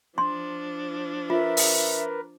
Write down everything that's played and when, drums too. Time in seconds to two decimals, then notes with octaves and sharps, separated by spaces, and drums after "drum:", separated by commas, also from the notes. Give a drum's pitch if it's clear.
0.18 F3 D4 C6
1.30 F4 A#4 B4 E5
1.57 drum: open hi-hat